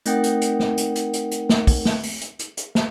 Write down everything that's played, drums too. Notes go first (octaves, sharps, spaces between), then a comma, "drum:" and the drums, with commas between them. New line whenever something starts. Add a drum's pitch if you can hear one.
A3 C4 D#4 A#4 F#5 G5, drum: hi-hat
drum: hi-hat
drum: hi-hat
drum: snare
drum: hi-hat
drum: hi-hat
drum: hi-hat
drum: hi-hat
drum: snare
drum: kick, open hi-hat
drum: snare
drum: open hi-hat
drum: hi-hat
drum: hi-hat
drum: hi-hat
drum: snare